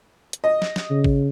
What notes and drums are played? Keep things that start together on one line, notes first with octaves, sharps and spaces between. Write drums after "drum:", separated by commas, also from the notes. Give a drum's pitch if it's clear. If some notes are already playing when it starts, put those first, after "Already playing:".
drum: hi-hat
D#5
drum: snare
drum: snare
C#3
drum: kick